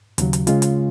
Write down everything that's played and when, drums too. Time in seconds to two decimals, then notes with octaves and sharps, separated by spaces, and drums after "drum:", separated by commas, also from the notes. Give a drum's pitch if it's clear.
0.18 D#2 C#3 F#3, drum: hi-hat
0.33 drum: hi-hat
0.47 C#3 G#3 C#4 F4, drum: hi-hat
0.62 drum: hi-hat